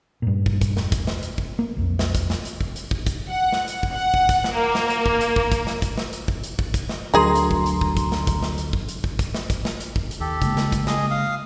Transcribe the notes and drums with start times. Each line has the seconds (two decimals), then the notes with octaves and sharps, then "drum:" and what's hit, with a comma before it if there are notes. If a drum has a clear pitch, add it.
0.22 G2 A#2
0.46 drum: kick
0.61 drum: kick, hi-hat
0.77 E1, drum: snare
0.92 drum: kick, hi-hat
1.07 drum: snare
1.23 drum: hi-hat
1.38 drum: kick
1.59 A#3
1.76 B1 F2
1.99 drum: snare
2.15 drum: kick, hi-hat
2.30 drum: snare
2.45 drum: hi-hat
2.61 drum: kick
2.76 drum: hi-hat
2.91 drum: kick
3.07 drum: kick, hi-hat
3.29 F#5
3.52 drum: snare
3.68 drum: hi-hat
3.83 drum: kick
3.94 F#5
4.14 drum: kick
4.29 drum: kick, hi-hat
4.44 drum: snare
4.54 A#3
4.75 drum: snare
4.90 drum: hi-hat
5.06 drum: kick
5.21 drum: hi-hat
5.36 drum: kick
5.52 drum: kick, hi-hat
5.67 drum: snare
5.82 drum: kick, hi-hat
5.98 drum: snare
6.13 drum: hi-hat
6.28 drum: kick
6.43 drum: hi-hat
6.59 drum: kick
6.74 drum: kick, hi-hat
6.89 drum: snare
7.14 D2 D3 F#3 G#4 A#4 A#5 C6
7.35 drum: hi-hat
7.51 drum: kick
7.66 drum: hi-hat
7.81 drum: kick
7.97 drum: kick, hi-hat
8.12 drum: snare
8.27 drum: kick, hi-hat
8.43 drum: snare
8.58 drum: hi-hat
8.73 drum: kick
8.89 drum: hi-hat
9.04 drum: kick
9.19 drum: kick, hi-hat
9.35 drum: snare
9.50 drum: kick, hi-hat
9.65 drum: snare
9.80 drum: hi-hat
9.96 drum: kick
10.11 drum: hi-hat
10.20 D#2 G4 A4
10.42 C#3 G#3 A#3, drum: kick, hi-hat
10.57 drum: snare
10.72 drum: kick, hi-hat
10.87 G#4 D#5, drum: snare
11.11 F5 D#6